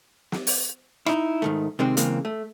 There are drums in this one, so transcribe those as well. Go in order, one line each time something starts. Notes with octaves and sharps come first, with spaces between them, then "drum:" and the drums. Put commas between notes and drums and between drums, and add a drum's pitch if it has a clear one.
drum: snare
drum: open hi-hat
D#4 E4, drum: rim click
G#2 D#3 A3
C3 D#3 G#3 C4
C#3 E3 G#3 A#3 C4, drum: hi-hat
A3